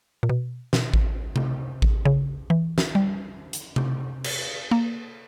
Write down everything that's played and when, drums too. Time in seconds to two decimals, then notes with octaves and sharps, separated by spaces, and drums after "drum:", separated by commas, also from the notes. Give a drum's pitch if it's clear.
0.23 A#2
0.29 B2
0.73 B2, drum: snare
0.94 drum: kick A1
1.36 drum: tom C3
1.82 drum: kick A1
2.05 C#3
2.50 E3
2.78 drum: snare
2.95 G3
3.53 drum: hi-hat
3.76 drum: tom C3
4.24 drum: cymbal
4.71 A#3